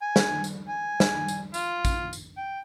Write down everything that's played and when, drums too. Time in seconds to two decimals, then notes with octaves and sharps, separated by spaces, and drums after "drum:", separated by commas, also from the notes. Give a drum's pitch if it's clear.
0.02 G#5
0.16 drum: snare
0.44 drum: tambourine
0.69 G#5
1.00 drum: snare
1.28 drum: tambourine
1.54 F4, drum: tambourine
1.85 drum: kick, tambourine
2.13 drum: tambourine
2.37 G5